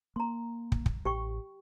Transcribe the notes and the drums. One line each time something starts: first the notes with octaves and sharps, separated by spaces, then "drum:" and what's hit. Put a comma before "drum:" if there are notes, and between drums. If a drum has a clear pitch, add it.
A#3 A#5 C6
drum: kick
drum: kick
A1 G4 G5 C#6